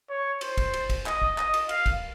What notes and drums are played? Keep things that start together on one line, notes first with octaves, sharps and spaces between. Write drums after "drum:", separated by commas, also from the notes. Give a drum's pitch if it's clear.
C#5
C5, drum: cymbal
drum: kick, cymbal
drum: cymbal
drum: kick, cymbal
D#5, drum: clap
drum: kick
D#5, drum: clap
drum: cymbal
F5, drum: cymbal
drum: kick, cymbal